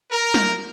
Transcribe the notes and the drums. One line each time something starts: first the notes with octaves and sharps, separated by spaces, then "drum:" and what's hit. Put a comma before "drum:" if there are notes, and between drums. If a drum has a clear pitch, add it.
A#4
drum: snare